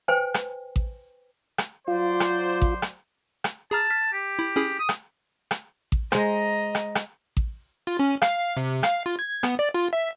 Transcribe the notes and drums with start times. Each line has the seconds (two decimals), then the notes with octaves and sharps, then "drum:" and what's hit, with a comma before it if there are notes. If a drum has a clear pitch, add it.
0.08 B4 C5 G5 G#5
0.34 drum: rim click
0.76 drum: kick A1
1.58 drum: rim click
1.88 F#3 F4 C5 D5
2.20 drum: rim click
2.62 drum: kick A1
2.82 drum: rim click
3.44 drum: rim click
3.71 G#4 A5 A#5 F6
3.90 F6 B6
4.13 G4
4.39 E4
4.56 C#4 E4 G#4
4.79 D#6
4.89 drum: rim click
5.51 drum: rim click
5.92 drum: kick A1
6.12 G#3 C5 D#5 A#5, drum: rim click
6.75 drum: rim click
6.95 drum: rim click
7.37 drum: kick A1
7.87 F4
7.99 C#4
8.22 F5, drum: rim click
8.57 C3
8.83 F5, drum: rim click
9.06 F4
9.19 G#6
9.43 B3, drum: rim click
9.59 D5
9.74 F4
9.93 E5